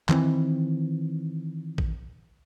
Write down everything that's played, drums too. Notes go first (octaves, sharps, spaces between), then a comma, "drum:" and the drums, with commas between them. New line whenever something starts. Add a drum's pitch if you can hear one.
D#3 E3 C4, drum: clap
drum: kick